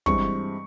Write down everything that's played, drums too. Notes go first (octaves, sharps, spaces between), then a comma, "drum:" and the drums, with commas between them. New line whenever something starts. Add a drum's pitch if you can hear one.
G2 E3 G#3 C4 C#6, drum: kick